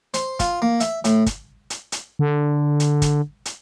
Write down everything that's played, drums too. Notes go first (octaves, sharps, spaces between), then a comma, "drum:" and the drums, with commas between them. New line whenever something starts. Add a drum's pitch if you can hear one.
C5, drum: hi-hat
F4, drum: kick, hi-hat
A#3
E5, drum: hi-hat
A2, drum: hi-hat
drum: kick, hi-hat
drum: hi-hat
drum: hi-hat
D3
drum: hi-hat
drum: kick, hi-hat
drum: hi-hat